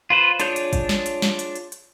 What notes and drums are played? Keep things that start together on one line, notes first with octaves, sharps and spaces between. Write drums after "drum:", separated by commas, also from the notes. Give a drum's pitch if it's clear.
F4 B4 C5
D4 F4 G#4 C#5 G6, drum: hi-hat
drum: hi-hat
drum: kick, hi-hat
drum: snare
drum: hi-hat
drum: snare
drum: hi-hat
drum: hi-hat
drum: hi-hat